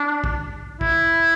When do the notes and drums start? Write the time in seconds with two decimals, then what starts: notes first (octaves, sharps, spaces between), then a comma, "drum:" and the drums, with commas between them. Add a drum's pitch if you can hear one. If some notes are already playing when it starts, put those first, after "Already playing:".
Already playing: D4
0.24 drum: kick
0.81 E4, drum: kick